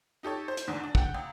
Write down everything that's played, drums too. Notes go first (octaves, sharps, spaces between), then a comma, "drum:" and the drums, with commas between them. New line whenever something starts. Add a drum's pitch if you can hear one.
D#4 G4 A4 C#5
C5
drum: hi-hat
E2 G#2 D3
D4
F#5 G5, drum: kick
C#2